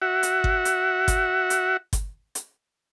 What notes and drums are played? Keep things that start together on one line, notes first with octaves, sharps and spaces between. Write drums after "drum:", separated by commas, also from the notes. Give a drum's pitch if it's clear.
F#4 E5 F#5
drum: hi-hat
drum: kick G1
drum: hi-hat
drum: kick G1, hi-hat
drum: hi-hat
drum: kick G1, hi-hat
drum: hi-hat